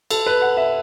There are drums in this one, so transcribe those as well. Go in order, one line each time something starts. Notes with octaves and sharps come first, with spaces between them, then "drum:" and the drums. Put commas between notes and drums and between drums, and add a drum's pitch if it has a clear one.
A4, drum: cymbal
B4
F#5
E5